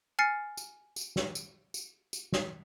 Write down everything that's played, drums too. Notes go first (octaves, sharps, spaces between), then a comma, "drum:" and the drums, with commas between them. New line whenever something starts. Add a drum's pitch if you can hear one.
G#5 F6 A6 C7 C#7
drum: tambourine
drum: tambourine
drum: snare
drum: tambourine
drum: tambourine
drum: tambourine
drum: snare